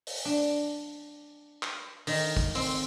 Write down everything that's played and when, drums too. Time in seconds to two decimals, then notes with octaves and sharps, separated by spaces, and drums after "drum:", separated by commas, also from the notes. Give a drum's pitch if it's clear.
0.07 drum: open hi-hat
0.25 D4
1.63 drum: clap
2.07 D#3, drum: open hi-hat
2.37 drum: kick
2.55 C4, drum: open hi-hat